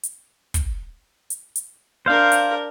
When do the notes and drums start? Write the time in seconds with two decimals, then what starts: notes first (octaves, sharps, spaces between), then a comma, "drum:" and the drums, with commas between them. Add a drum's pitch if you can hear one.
0.03 drum: hi-hat
0.54 drum: kick, hi-hat
1.30 drum: hi-hat
1.56 drum: hi-hat
2.06 D4 A#4 C5 F5
2.32 drum: hi-hat